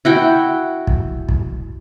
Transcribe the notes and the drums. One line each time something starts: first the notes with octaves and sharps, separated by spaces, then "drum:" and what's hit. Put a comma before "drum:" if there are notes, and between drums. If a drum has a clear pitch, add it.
E4 F#4 G5
drum: kick
drum: kick